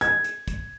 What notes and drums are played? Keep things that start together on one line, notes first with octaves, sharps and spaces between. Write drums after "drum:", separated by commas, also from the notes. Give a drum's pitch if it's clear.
G#6, drum: hi-hat
drum: hi-hat
drum: kick, hi-hat